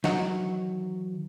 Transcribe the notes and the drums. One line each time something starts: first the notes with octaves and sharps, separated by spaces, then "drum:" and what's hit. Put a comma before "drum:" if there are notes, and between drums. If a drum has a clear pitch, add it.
D#3 E3 F#3 F#5, drum: snare